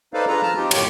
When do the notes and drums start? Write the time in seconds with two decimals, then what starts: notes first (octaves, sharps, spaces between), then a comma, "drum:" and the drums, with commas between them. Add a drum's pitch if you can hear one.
0.14 D#4 A4 B4 C5 D5 F5
0.27 D4 F4 G#4 A4 B4 A#5
0.43 F3 A5 A#5 F6
0.56 C4 D#4 F4 G4
0.71 F#2 A2 D3 D#3 G4 C#5, drum: cymbal